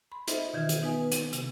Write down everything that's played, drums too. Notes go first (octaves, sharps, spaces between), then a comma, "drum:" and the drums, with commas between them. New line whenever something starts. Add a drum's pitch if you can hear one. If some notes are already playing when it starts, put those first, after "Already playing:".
B5 C6
D#4 F4 C5 D#5 E5, drum: hi-hat
B2 D#3 E3 E5 F6
drum: hi-hat
B3 D#4 B4 G#5 D#6
drum: hi-hat
C3, drum: hi-hat